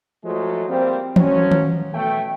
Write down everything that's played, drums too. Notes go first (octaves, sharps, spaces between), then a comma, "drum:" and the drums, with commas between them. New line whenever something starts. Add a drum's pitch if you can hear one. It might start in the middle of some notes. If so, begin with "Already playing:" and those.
F3 F#3 G#3 A3 F#4
F3 G3 A#3 C4
A1 F3 F#3 C#4, drum: tom E3
drum: tom D#3
B2 A3 G5